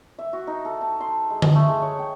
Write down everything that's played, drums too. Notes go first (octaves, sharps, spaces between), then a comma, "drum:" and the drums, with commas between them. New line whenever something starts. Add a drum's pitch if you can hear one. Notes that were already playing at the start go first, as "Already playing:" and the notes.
E5
F#4
D#4
A4
A5
C6
G#3
G#3, drum: tom D3
A3
G#3
C#5
G5